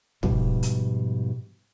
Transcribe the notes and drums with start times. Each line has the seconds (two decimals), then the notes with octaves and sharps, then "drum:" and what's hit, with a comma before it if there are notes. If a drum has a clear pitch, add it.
0.23 G#2 B2 F3 G3, drum: kick
0.63 drum: hi-hat